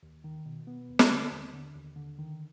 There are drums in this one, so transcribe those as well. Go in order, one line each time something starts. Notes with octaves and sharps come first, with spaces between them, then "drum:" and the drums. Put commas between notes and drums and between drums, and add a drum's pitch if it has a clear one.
D#2
D#3
B2
B3
D#2
drum: snare
D3
D#2
D3
D#2
D3
D#3